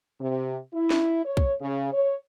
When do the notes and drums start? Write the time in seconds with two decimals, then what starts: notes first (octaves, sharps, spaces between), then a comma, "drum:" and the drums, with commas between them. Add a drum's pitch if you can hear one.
0.20 C3
0.73 E4
0.91 drum: snare
1.24 C#5
1.37 drum: kick
1.60 C#3
1.92 C#5